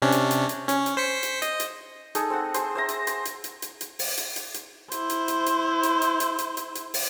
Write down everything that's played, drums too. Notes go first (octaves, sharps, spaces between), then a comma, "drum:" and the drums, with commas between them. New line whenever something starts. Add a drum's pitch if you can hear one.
C3 C#4 D4
drum: hi-hat
drum: hi-hat
drum: hi-hat
C#4, drum: hi-hat
drum: hi-hat
C5 B6 C#7
drum: hi-hat
D#5, drum: hi-hat
drum: hi-hat
D#4 G#4 A4, drum: hi-hat
C4 F#5
G#4 C5, drum: hi-hat
C5 E5 A#5
drum: hi-hat
C5, drum: hi-hat
drum: hi-hat
drum: hi-hat
drum: hi-hat
drum: hi-hat
drum: open hi-hat
drum: hi-hat
drum: hi-hat
drum: hi-hat
E4 C5, drum: hi-hat
drum: hi-hat
drum: hi-hat
drum: hi-hat
drum: hi-hat
drum: hi-hat
drum: hi-hat
drum: hi-hat
drum: hi-hat
drum: hi-hat
drum: open hi-hat